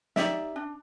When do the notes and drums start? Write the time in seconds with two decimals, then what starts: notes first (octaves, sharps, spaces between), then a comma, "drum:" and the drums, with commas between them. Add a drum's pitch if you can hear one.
0.16 D#4 G4 D5 E5, drum: snare
0.56 D4